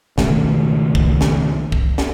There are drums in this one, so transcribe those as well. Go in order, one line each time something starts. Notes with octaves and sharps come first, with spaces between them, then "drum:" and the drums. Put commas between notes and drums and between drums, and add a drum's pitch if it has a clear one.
C#2 B2 D#3 A3, drum: snare
drum: kick
drum: snare
drum: kick
drum: snare